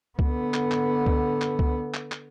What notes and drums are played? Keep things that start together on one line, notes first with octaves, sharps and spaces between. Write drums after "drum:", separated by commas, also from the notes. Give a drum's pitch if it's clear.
D3 B3, drum: kick C#2
drum: clap
drum: clap
drum: kick C#2
drum: clap
drum: kick C#2
drum: clap
drum: clap